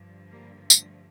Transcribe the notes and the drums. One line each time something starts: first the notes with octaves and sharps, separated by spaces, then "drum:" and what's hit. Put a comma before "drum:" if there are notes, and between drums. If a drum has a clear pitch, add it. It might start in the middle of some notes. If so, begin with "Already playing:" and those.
Already playing: G2 D3 F3
G3 A#3
A3, drum: tambourine